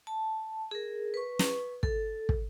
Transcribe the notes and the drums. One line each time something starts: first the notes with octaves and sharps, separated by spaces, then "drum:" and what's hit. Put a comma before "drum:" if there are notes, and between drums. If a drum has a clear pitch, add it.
A5
G#4 A#4
B4 C#6
drum: snare
A4, drum: kick
drum: kick